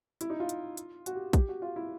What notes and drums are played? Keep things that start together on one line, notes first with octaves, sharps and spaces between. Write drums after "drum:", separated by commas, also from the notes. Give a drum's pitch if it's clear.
E4, drum: hi-hat
D#4
F4
drum: hi-hat
drum: hi-hat
F#4, drum: hi-hat
G4
G4, drum: kick, hi-hat
F#4
F4
E4